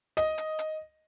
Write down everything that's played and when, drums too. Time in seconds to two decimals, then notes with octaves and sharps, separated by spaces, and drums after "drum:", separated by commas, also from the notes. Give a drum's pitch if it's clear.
0.17 D#5, drum: hi-hat
0.38 drum: hi-hat
0.59 drum: hi-hat